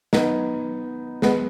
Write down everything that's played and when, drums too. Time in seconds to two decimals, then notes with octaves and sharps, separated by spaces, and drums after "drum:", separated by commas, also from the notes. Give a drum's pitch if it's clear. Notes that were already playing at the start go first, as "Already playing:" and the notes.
0.13 B3 D#4, drum: snare
1.22 G#3 B3, drum: snare